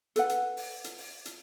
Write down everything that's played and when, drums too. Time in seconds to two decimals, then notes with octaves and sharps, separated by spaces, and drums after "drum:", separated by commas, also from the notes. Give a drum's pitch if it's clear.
0.16 A4 B4 F#5, drum: hi-hat
0.29 drum: hi-hat
0.57 drum: open hi-hat
0.84 drum: hi-hat
0.98 drum: open hi-hat
1.25 drum: hi-hat